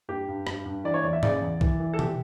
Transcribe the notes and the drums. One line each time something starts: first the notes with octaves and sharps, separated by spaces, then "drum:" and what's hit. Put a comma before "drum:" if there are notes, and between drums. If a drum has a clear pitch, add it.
G2 G4
G2
G2, drum: rim click
G2
E3 D5
C#5
E2 D5
E5
C#3 D5, drum: tom G#2
E2
E3, drum: kick B1
E3
A4
G4, drum: tom B2